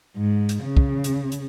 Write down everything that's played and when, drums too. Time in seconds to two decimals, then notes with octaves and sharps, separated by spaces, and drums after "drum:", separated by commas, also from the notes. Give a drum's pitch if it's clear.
0.17 G#2
0.49 drum: hi-hat
0.63 C#3
0.77 drum: kick
1.04 drum: hi-hat
1.32 drum: hi-hat